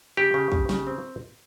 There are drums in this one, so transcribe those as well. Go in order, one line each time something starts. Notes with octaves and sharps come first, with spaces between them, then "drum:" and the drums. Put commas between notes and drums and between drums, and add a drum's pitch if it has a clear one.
C#3 G4
C#3
C#3, drum: kick
C#3, drum: snare
C4